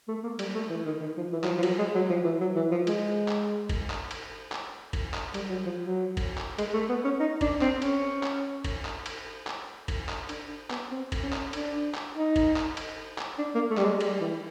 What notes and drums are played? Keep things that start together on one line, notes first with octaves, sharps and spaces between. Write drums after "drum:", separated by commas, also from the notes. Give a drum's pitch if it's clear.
A3
A#3
G3, drum: cymbal
A3
E3
D#3
D#3
F3
E3
F#3, drum: clap
F3
F3
F#3, drum: cymbal
G#3
F#3
F3
E3
F#3
E3
F3
G#3, drum: cymbal
drum: clap
drum: kick G1, cymbal
drum: clap
drum: cymbal
drum: clap
drum: kick G1, cymbal
drum: clap
G3, drum: cymbal
F#3
F3
F#3
drum: kick G1, cymbal
drum: clap
G#3, drum: cymbal
A3
B3
C#4
D#4
D4, drum: kick G1, cymbal
C4, drum: clap
C#4, drum: cymbal
drum: clap
drum: kick G1, cymbal
drum: clap
drum: cymbal
drum: clap
drum: kick G1, cymbal
drum: clap
D4, drum: cymbal
B3, drum: clap
C4
drum: kick G1, cymbal
C#4
drum: clap
D4, drum: cymbal
drum: clap
D#4
drum: kick G1, cymbal
drum: clap
drum: cymbal
drum: clap
D4
A#3
A3
G3, drum: clap
G#3
G3, drum: cymbal
E3